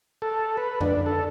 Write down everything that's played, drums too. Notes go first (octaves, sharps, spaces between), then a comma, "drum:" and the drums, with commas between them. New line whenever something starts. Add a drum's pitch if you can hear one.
A4
B4
D4, drum: tom F2
A4